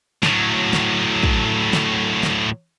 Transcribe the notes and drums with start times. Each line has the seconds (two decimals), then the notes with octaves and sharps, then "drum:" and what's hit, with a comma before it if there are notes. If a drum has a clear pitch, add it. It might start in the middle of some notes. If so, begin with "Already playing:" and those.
0.23 A2 F#3, drum: snare
0.73 drum: snare
1.23 drum: kick
1.73 drum: snare
2.23 drum: snare